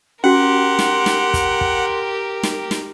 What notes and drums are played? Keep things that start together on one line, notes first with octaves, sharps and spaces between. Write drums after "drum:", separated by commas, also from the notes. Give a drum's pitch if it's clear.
C#4 F#4 G4 A#4 F#5 C6
drum: snare
drum: snare
drum: kick, hi-hat
drum: kick
drum: snare
drum: snare